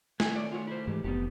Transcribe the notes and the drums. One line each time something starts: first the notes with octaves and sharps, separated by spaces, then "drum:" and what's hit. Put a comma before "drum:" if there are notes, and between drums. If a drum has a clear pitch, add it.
D#3 A3 G#5, drum: snare
C#5 D5
F4 F#4 C#5
E4 C5
G#2 E3 G4
F1 B3 D#4 G4